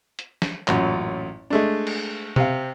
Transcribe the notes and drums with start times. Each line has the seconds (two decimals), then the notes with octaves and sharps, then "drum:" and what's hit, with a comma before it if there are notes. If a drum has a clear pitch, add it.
0.19 drum: hi-hat
0.42 drum: snare
0.68 A1 F#2 A#2, drum: clap
1.50 G#3 A3 D4
1.87 drum: cymbal
2.36 C3 F5, drum: tom B2